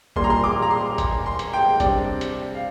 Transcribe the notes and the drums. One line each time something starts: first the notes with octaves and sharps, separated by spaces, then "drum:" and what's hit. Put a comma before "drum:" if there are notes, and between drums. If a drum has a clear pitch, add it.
A#2 G3 A#3 C6, drum: kick
A#5
C6
D6
A#5
C6
drum: kick, hi-hat
C6
drum: hi-hat
G5
C3 G3 D4 D5, drum: kick, hi-hat
drum: hi-hat
F5